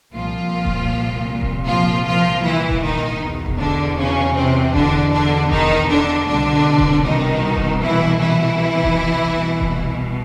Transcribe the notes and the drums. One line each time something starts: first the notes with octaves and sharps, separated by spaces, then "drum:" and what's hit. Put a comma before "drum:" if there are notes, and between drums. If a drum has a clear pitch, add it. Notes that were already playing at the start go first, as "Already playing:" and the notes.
C2 A#2 F3 F4
drum: kick D#1
drum: kick D#1
F3 F4
F3 F4
E3 E4
drum: kick D#1
D#3 D#4
E2 B2
drum: kick D#1
D3 D4
C#3 C#4
C3 C4
D3 D4, drum: kick D#1
D3 D4
D#3 D#4, drum: kick D#1
D3 D4
C2 B2 D3 D4
drum: kick D#1
D#3 D#4
drum: kick D#1
E3 E4
E3 E4
drum: kick D#1
C2 B2
drum: kick D#1